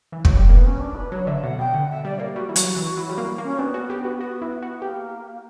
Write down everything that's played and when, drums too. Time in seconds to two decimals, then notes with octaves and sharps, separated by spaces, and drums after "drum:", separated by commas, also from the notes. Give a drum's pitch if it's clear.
0.12 E3
0.25 F#3, drum: kick
0.37 G3
0.49 A#3 B3
0.66 C#4
0.80 D4
0.96 B4
1.11 F#3 C#5
1.27 D3 E5
1.43 B2 F#5
1.58 B2 G5
1.74 D3 F#5
1.90 E5
2.04 G3 D5
2.19 A#3 G4
2.35 G3 F#4
2.49 E3
2.56 F#3, drum: hi-hat
2.76 E3
2.97 F#3 E4
3.09 G3 F#4
3.18 A#3
3.38 A#3
3.43 C#4
3.59 B3 D4
3.74 F#4
3.90 G4
4.05 F#4
4.20 B3 F#4
4.42 E4
4.62 F#4
4.82 A#3 G4